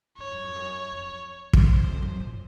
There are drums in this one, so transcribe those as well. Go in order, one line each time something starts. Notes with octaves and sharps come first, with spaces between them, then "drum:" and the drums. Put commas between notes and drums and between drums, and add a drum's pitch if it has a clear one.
G#2 C#5
F#2
F2
F#2
F2
drum: kick
F#2 C5
F2
F#2
A#2